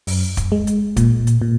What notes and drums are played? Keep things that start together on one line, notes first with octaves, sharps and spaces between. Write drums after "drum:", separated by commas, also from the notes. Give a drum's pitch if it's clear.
F#2, drum: open hi-hat
drum: kick, hi-hat
G#3
drum: hi-hat
A#2, drum: kick, hi-hat
drum: hi-hat
A#2